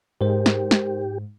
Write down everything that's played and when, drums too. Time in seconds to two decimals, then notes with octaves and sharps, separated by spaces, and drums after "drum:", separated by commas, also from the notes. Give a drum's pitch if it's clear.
0.21 G#2 G4 A#4 C5
0.46 drum: snare
0.71 drum: snare